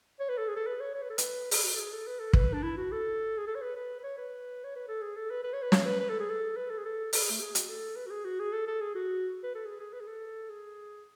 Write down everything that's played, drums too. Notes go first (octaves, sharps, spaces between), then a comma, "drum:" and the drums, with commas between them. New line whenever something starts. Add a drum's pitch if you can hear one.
C#5
B4
A4
G#4
A4
B4
C#5
C#5
B4
A4
B4, drum: hi-hat
G#4, drum: open hi-hat
F#4
A4
G#4
A4
B4
A4
B4, drum: kick
D4
E4
F#4
A4
G#4
A4
C#5
B4
B4
B4
C#5
B4
C#5
B4
A4
G#4
A4
B4
B4
C#5
B4
C#5, drum: snare
B4
B4
A4
G#4
A4
B4
A4
G#4
A4
A4, drum: open hi-hat
G#4
A3
G#4
F#4, drum: hi-hat
A4
B4
F#4
G#4
F#4
G#4
A4
A4
G#4
F#4
B4
A4
G#4
G#4
B4
G#4
A4
G#4